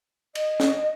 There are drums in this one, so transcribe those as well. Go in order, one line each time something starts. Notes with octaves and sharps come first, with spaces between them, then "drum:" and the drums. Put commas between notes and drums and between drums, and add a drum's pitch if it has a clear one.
D#5, drum: cymbal
drum: snare